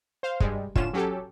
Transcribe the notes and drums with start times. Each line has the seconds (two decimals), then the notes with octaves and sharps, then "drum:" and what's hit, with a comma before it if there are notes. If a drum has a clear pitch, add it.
0.23 C5 F5
0.40 G2 G3 G#3, drum: kick
0.75 A2 D3 C#4 F4 E7, drum: kick
0.93 F#3 C#4 G4 A4